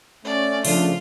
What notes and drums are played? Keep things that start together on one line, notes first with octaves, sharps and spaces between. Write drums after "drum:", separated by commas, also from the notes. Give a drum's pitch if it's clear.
A3 C#4 D5
C#3 F3 D4 F4 A4, drum: open hi-hat